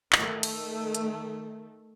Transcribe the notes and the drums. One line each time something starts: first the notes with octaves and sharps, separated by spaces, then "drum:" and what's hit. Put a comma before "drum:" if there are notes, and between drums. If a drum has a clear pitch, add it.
D#3 A3, drum: clap
drum: cymbal
drum: hi-hat